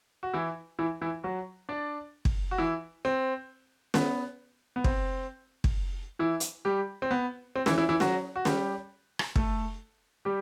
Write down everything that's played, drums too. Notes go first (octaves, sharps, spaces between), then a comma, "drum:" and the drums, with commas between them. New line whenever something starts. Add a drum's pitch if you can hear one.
F#4
E3 E4
E3 E4
E3 E4
F#3 F#4
D4 D5
drum: kick
F#4
E3 E4
C4
B3, drum: snare
B3
C4, drum: kick
drum: kick
E3 E4
drum: hi-hat
G3 G4
C4
B3
C4
E3 E4, drum: snare
E3 E4
E3 E4
F#3 F#4, drum: snare
F#4
G3 G4, drum: snare
drum: rim click
A3 A4, drum: kick
G3 G4